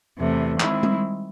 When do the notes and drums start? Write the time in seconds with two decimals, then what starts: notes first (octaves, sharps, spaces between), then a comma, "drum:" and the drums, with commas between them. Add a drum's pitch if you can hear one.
0.19 E2 C3 E3 A3
0.60 D#3 G#3 C4 E4, drum: clap
0.83 drum: tom G3